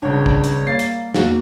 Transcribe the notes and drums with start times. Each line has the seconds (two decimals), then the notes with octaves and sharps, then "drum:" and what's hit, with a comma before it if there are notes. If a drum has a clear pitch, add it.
0.02 G#1 C#2 G3 D4 C#5
0.26 drum: kick
0.44 drum: hi-hat
0.67 G3 A#3 A6 C7
0.79 drum: hi-hat
1.14 E2 A#3 F#4, drum: snare